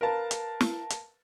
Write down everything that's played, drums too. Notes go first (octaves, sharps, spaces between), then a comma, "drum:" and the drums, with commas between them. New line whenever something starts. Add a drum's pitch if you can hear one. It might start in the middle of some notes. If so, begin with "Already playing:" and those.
A#4 B4 F5 A5
drum: hi-hat
drum: snare
drum: hi-hat